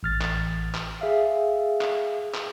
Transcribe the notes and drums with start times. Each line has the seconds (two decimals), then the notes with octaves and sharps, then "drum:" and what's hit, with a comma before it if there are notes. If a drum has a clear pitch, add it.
0.03 A1 F6 A6
0.21 drum: clap
0.74 drum: clap
1.01 G#4 E5 F5
1.81 drum: clap
2.34 drum: clap